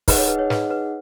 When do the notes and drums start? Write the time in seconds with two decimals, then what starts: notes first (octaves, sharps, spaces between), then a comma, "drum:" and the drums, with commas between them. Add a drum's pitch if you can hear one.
0.08 D#4 G#4 B4 D#5 F#5, drum: kick, open hi-hat
0.18 C#5
0.28 B4
0.39 C#5
0.50 B4, drum: snare
0.70 B4